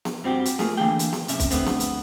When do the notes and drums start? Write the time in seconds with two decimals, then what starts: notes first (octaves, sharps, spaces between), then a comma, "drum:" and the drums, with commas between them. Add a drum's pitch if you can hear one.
0.05 drum: snare B3
0.23 G2 G3 C4 F#4 G4
0.45 drum: hi-hat
0.59 A3 A#3 F4 G#4, drum: snare B3
0.77 D3 E3 A#3 F#4 G#4 G5
0.99 drum: hi-hat
1.13 drum: snare B3
1.28 F#2 C3 C#4 E5, drum: hi-hat
1.40 drum: kick, hi-hat
1.51 D3 A3 B3 C4, drum: hi-hat
1.66 drum: snare B3
1.80 drum: hi-hat